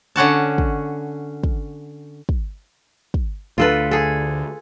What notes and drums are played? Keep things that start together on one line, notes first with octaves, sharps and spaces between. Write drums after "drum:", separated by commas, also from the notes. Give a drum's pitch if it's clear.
D3 C#4 F#4 A5
drum: kick
drum: kick
drum: kick
drum: kick
D2 D3 F4 A4 B4
G#4 A4